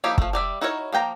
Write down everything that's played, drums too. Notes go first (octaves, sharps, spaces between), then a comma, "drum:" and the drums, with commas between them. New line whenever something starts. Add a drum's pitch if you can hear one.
F3 A#3 D#4 E4 G4
F3 A3, drum: kick
G3 D5 E5
D#4 E4 F#4 A#4 C#5
F3 A#3 G5 A#5